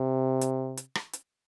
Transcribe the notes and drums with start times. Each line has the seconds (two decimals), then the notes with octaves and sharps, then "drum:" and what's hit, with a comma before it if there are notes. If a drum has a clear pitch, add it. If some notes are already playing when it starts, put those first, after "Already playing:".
Already playing: C3
0.41 drum: hi-hat
0.77 drum: hi-hat
0.95 drum: rim click
1.13 drum: hi-hat